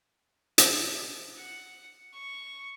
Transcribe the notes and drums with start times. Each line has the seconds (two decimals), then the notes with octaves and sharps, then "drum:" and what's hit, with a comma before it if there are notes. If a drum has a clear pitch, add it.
0.58 drum: hi-hat
1.36 F#5
2.13 C#6